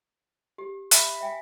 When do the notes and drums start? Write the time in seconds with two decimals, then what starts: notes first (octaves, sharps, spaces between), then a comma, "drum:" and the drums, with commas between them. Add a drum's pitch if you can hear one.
0.58 G4
0.91 E5 B5, drum: hi-hat
1.21 E5 G5 G#5